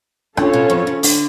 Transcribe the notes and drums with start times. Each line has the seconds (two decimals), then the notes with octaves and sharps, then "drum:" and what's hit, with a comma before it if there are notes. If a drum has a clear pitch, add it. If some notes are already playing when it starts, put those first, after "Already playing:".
0.37 D3 C#4 F4 A4 C#5, drum: rim click
0.53 B2
0.70 F2
0.87 C#3
1.03 D3, drum: open hi-hat